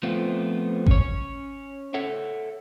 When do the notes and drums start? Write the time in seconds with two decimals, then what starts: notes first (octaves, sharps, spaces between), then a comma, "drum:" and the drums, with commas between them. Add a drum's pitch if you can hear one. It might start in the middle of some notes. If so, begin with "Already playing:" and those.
0.03 F3 A3 B3 C4 F4
0.86 C#4 C#5, drum: kick G#1
1.94 A4 C#5 E5 F#5